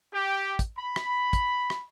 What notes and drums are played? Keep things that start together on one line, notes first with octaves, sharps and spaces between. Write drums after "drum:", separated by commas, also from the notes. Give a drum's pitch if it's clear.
G4
drum: kick, hi-hat
B5
drum: rim click
drum: kick, hi-hat
drum: rim click